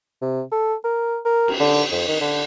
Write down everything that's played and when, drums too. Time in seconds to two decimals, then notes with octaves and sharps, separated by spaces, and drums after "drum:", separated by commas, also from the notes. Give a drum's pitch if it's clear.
0.22 C3
0.52 A4
0.84 A#4
1.25 A#4
1.48 drum: cymbal
1.60 D3
1.92 F2
2.08 D#3
2.21 D3